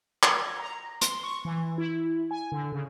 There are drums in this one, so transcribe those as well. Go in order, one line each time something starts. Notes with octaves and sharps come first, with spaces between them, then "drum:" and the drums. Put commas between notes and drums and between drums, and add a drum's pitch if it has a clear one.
G#6, drum: clap
A#5
C6, drum: hi-hat
C#6
E3
E4
G#5
D3
C#3